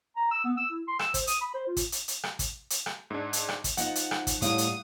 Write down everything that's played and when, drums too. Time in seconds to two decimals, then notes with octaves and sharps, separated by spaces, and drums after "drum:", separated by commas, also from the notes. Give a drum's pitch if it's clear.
0.16 A#5
0.31 E6
0.44 B3
0.57 E6
0.71 E4
0.88 C6
0.99 E6, drum: rim click
1.14 C5, drum: kick, hi-hat
1.27 D#6, drum: hi-hat
1.41 B5
1.54 C5
1.67 F4
1.77 drum: kick, hi-hat
1.92 drum: hi-hat
2.08 drum: hi-hat
2.23 drum: rim click
2.39 drum: kick, hi-hat
2.70 drum: hi-hat
2.86 drum: rim click
3.10 G#2 D4
3.33 drum: hi-hat
3.49 drum: rim click
3.64 drum: kick, hi-hat
3.77 F3 D#4 F4 F#5, drum: hi-hat
3.95 drum: hi-hat
4.11 drum: rim click
4.27 drum: kick, hi-hat
4.42 A2 G3 F5 D#6, drum: hi-hat
4.58 drum: hi-hat